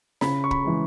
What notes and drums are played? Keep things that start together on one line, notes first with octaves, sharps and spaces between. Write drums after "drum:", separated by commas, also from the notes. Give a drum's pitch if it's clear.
C#3 B5, drum: snare
C#6
B5, drum: kick
E3 G#3